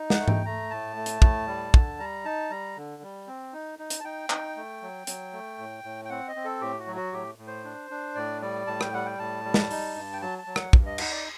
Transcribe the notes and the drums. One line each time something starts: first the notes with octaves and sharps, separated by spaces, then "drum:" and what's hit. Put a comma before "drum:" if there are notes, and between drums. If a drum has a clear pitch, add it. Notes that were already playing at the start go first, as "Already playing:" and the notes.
Already playing: D#4
F#5, drum: snare
A3
G5, drum: tom G#2
A3 A#5
A2 A5
A3
drum: hi-hat
A2, drum: kick
G3
D3, drum: kick
G3 A#5
D#4 A5
G3 A#5
D3
G3
C4
D#4
D#4
drum: hi-hat
A5
D#4 G5
D#4, drum: clap
A3
F#3
F#3, drum: hi-hat
A3
A2
A2
G5
C4 F#5
D#5
C4
A4
A2 G4
F#4
F#3
F#4
A2 G4
A2
C5
D4
D4
A2 D5
G3 D5
A2 A5
G5, drum: rim click
G3 F#5
G5
A2 A5
G3
drum: snare
D#4, drum: open hi-hat
G2
G5
F#3 A5
A5
F#3
F#5, drum: rim click
G2, drum: kick
D#5
D#4 F#5, drum: cymbal
D5